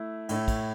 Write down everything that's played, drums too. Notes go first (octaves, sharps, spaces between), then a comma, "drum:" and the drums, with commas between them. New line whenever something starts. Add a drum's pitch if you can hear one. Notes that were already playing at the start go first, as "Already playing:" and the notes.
Already playing: A3 E4
A2 A3 E4, drum: cymbal
drum: kick, cymbal